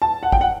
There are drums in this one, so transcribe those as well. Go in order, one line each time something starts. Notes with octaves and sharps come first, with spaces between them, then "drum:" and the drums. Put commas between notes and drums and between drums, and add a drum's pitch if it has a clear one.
A5
F#5
G5, drum: kick
F#5